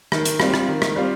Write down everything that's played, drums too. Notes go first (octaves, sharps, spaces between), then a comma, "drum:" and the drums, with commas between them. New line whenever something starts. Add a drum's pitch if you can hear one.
D#3, drum: rim click
drum: hi-hat
G3 C4 F4, drum: rim click
drum: rim click
D#3
drum: rim click
G3 C4 F4